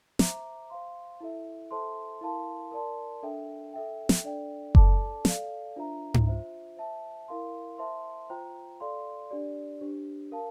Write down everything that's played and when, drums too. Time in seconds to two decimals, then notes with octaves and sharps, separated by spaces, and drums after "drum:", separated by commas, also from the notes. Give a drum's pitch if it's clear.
0.19 C5 E5 A#5 D6, drum: snare
0.70 C5 F5 C6
1.20 E4 A4 E5
1.71 A4 C5 E5 A5 C6
2.21 E4 A#4 F5 A5 C6
2.72 A#4 D5 A5 C6
3.23 D4 A4 E5 G5
3.74 A4 E5 G5
4.09 drum: snare
4.24 D4 A4 D5 G5
4.75 A4 D5 A5 D6, drum: kick F#1
5.25 A4 D5 F5, drum: snare
5.76 D4 F4 C5 E5 A#5
6.14 drum: tom G#2
6.27 F4 C5 E5
6.77 C5 E5 A5
7.28 E4 A#4 F5 C6
7.78 C5 E5 A5 C6
8.30 F4 C5 G5 A#5
8.80 A4 D5 F5 C6
9.30 D4 G4 D5
9.81 D4 G4 C5
10.32 A#4 F5 A5